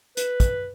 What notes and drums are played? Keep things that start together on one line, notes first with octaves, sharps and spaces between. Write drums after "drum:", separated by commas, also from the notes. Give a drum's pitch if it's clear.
B4, drum: hi-hat
drum: kick, hi-hat